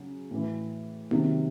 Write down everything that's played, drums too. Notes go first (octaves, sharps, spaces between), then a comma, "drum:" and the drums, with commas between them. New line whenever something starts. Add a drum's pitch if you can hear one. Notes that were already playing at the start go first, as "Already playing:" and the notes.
Already playing: C#3 F#3
A2 E3
C3 D#3 F#3, drum: tom A#3